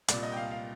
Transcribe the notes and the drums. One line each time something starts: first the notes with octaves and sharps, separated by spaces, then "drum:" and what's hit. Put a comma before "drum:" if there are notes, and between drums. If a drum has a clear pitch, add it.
C2 A#2 D5, drum: hi-hat
D#5
G5
F5
F5